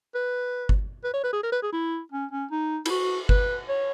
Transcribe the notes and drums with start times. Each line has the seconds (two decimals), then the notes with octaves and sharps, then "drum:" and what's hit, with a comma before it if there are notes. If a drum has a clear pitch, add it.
0.15 B4
0.69 drum: kick G1
1.04 B4
1.13 C#5
1.23 B4
1.33 G#4
1.43 A#4
1.52 B4
1.62 G#4
1.72 E4
2.12 C#4
2.31 C#4
2.51 D#4
2.86 E4, drum: cymbal
2.90 F#4
3.29 B4, drum: kick G1
3.69 C#5